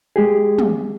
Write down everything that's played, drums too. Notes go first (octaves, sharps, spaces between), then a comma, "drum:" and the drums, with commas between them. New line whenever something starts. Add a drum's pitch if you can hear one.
G#3 G4 G#4
drum: tom